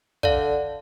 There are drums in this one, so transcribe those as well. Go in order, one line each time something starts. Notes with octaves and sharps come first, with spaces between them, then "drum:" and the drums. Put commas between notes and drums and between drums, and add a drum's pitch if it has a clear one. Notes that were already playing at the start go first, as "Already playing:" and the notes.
D3 D5 F5, drum: kick